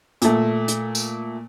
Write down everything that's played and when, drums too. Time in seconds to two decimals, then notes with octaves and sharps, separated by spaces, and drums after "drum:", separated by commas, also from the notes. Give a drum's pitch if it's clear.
0.22 A#2 A3, drum: hi-hat
0.68 drum: hi-hat
0.95 drum: tambourine